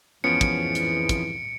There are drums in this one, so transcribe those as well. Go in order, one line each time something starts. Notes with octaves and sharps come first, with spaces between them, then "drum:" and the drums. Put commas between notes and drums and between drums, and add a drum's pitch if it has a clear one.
F2 G#2 E3 F3 B3 C#4 C#7 D7
drum: kick, hi-hat
drum: hi-hat
drum: kick, hi-hat